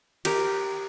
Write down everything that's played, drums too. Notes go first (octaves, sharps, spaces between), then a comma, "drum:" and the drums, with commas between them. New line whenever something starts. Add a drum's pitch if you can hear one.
G4 A#4, drum: cymbal